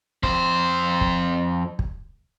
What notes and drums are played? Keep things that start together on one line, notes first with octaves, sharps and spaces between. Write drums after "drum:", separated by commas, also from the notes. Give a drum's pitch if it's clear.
F2 C5, drum: kick
drum: kick
drum: kick